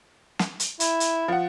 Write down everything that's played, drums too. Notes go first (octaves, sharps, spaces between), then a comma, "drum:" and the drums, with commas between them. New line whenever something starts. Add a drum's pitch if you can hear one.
drum: snare
drum: hi-hat
E4, drum: hi-hat
drum: hi-hat
F3 F#5